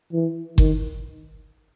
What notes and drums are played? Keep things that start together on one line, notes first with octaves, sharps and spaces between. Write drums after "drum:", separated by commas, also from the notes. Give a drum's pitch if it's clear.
E3
D#3, drum: kick G1